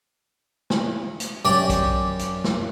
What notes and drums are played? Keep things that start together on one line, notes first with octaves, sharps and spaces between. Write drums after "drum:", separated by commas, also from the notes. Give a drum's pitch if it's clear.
drum: snare
drum: hi-hat
F#2 G4 D5
drum: kick, hi-hat
drum: hi-hat
drum: snare